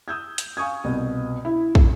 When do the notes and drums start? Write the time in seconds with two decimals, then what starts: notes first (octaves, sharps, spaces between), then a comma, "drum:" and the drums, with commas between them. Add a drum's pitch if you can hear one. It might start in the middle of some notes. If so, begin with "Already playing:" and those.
0.08 D#6 E6 G6 G#6
0.38 drum: hi-hat
0.57 F5 G#5 C#6 D#6 G#6
0.84 C2 B2
1.45 E4
1.75 drum: kick